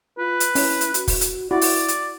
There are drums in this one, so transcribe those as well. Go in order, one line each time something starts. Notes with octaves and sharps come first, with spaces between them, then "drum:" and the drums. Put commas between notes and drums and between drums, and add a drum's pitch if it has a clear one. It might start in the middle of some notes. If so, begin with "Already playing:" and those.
F4 B4
drum: hi-hat
C#4 E4, drum: open hi-hat
drum: hi-hat
F#4, drum: hi-hat
drum: kick, open hi-hat
drum: hi-hat
E4 F#4 D5
drum: open hi-hat
drum: hi-hat